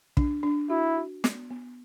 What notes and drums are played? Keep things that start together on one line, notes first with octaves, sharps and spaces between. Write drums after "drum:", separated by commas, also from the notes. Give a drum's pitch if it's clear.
D4, drum: kick
D4
E4 F#4
F#4
B3, drum: snare
B3